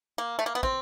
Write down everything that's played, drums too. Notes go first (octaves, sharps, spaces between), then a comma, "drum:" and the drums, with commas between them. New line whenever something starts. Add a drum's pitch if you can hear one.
A#3
A3
A#3
B3
C4, drum: kick